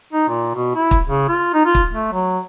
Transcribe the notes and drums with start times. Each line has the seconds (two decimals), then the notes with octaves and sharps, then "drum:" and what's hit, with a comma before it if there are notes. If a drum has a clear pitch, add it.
0.13 D#4
0.29 A#2
0.55 B2
0.75 E4
0.91 drum: kick
1.07 C#3
1.28 F4
1.54 D#4
1.65 F4
1.75 drum: kick
1.93 A3
2.12 F#3